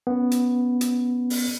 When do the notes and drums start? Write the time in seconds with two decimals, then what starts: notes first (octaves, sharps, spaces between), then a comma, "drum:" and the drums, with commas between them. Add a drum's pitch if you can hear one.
0.07 B3 C#4
0.31 drum: hi-hat
0.81 drum: hi-hat
1.30 drum: open hi-hat